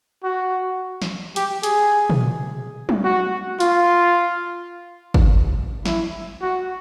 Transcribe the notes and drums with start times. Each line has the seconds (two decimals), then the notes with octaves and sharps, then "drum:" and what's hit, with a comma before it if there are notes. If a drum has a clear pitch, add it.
0.24 F#4
1.02 drum: snare
1.36 G4, drum: hi-hat
1.63 G#4, drum: hi-hat
2.10 drum: tom
2.89 drum: tom
3.05 F#4
3.60 F4, drum: hi-hat
5.14 drum: kick
5.85 E4, drum: snare
6.42 F#4